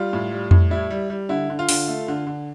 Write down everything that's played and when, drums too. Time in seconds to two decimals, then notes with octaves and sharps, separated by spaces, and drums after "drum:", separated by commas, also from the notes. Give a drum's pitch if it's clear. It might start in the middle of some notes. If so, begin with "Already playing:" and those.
Already playing: G3 F4
0.13 A2
0.31 G3
0.51 A2, drum: tom F2
0.70 G3 E4
0.90 G3
1.10 G3
1.29 D3 E4
1.50 D3
1.59 F4
1.69 D3, drum: open hi-hat
1.88 A3
2.08 D3
2.27 D3